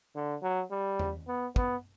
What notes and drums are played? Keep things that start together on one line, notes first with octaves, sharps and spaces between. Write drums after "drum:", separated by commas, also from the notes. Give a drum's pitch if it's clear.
D3
F#3
G3
drum: tom E2
B3
B3, drum: kick